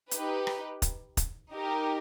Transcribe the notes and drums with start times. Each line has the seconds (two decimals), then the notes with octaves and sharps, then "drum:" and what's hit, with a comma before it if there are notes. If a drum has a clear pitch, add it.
0.11 D#4 G4 B4, drum: hi-hat
0.47 drum: rim click
0.82 drum: kick, hi-hat
1.17 drum: kick, hi-hat
1.52 D#4 G4 A#4